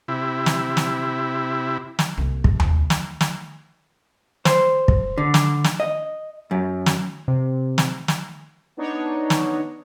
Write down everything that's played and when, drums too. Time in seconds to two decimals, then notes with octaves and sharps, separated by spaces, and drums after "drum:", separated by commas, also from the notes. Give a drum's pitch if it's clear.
0.08 C3 E4
0.46 drum: snare
0.77 drum: snare
1.99 drum: snare
2.17 C2 A#3
2.44 drum: kick
2.60 drum: tom D#2
2.90 drum: snare
3.21 drum: snare
4.45 C5, drum: snare
4.88 drum: kick
5.18 D3
5.34 drum: snare
5.64 drum: snare
5.80 D#5
6.51 F#2
6.86 drum: snare
7.28 C3
7.78 drum: snare
8.08 drum: snare
8.77 B3 D4 D#4 C#5
9.30 drum: snare